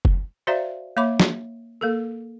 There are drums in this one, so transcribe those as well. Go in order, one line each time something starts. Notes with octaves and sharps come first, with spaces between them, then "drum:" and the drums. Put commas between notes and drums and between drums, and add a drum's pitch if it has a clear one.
drum: kick
F#4 C5 D5 E5 F5 A#5
A#3 C#5 E5 B5 D6
drum: snare
A#3 A4 A#4